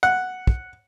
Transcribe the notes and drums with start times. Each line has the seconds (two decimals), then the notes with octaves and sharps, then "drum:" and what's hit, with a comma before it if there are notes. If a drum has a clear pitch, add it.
0.03 F#5
0.47 drum: kick